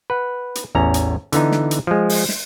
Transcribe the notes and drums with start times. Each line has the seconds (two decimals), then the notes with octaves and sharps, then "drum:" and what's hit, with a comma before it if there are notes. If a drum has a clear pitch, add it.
0.10 B4 F#5
0.55 drum: hi-hat
0.75 A1 E2 C#4 A#5
0.94 drum: hi-hat
1.32 D3 E3 B3 D#4, drum: hi-hat
1.52 drum: snare
1.71 drum: hi-hat
1.87 F3 G#3
2.09 drum: open hi-hat
2.29 drum: snare